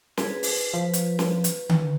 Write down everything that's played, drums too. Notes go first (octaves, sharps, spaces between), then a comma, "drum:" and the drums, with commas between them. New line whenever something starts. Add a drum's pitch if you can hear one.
G#4 B4, drum: snare
drum: open hi-hat
F3 B4
drum: hi-hat
drum: snare
drum: hi-hat
drum: tom D3